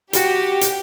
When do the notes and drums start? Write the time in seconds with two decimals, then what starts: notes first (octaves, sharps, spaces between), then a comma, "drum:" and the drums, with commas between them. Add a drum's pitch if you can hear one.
0.13 F#4 G4, drum: hi-hat
0.61 drum: hi-hat